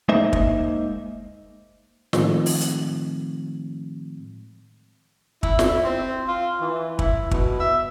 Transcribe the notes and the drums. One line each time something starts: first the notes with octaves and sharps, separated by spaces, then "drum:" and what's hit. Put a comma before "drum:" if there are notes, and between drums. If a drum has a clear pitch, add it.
G#3 A#3 D#4 C5 D#5 E5
drum: kick
A2 D#3 F3 G#3 A3 C4, drum: snare
drum: open hi-hat
drum: hi-hat
E4, drum: kick
E4, drum: snare
C4
F4
E3
E4, drum: kick
B2, drum: kick
E5